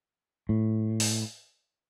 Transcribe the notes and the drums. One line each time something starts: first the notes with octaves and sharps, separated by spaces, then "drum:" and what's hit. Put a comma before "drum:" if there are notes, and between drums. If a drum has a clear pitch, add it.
A2
drum: open hi-hat